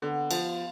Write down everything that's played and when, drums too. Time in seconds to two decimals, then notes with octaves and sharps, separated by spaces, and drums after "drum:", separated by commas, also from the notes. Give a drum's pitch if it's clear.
0.02 D3 B3
0.31 F3 F4, drum: cymbal